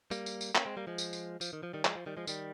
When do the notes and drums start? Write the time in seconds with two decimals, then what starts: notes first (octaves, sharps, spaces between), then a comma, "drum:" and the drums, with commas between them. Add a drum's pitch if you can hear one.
0.11 G3 A#3, drum: tambourine
0.26 drum: tambourine
0.41 drum: tambourine
0.55 A#3 C#4, drum: clap
0.65 G#3 C4
0.77 G3 A#3
0.87 F3 G#3
0.98 drum: tambourine
1.13 drum: tambourine
1.41 F3, drum: tambourine
1.53 D#3
1.63 F3
1.73 D#3 G3
1.85 F3 G#3, drum: clap
1.96 F3
2.06 D#3 G3
2.17 F3 G#3
2.27 D#3 G3, drum: tambourine